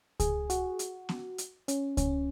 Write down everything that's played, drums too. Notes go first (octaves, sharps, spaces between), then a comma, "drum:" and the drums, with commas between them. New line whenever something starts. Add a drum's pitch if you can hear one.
G#4, drum: kick C#2, hi-hat
F#4, drum: hi-hat
drum: hi-hat
drum: snare B3
drum: hi-hat
C#4, drum: hi-hat
C#4, drum: kick C#2, hi-hat